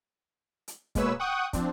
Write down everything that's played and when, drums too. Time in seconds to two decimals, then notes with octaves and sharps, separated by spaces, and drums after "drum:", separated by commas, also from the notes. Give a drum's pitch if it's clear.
0.68 drum: hi-hat
0.95 B2 G#3 A#3 B4 C#5 E6, drum: kick, hi-hat
1.20 F#5 G5 C#6 D#6 F#6
1.53 F3 C4 D4, drum: kick, hi-hat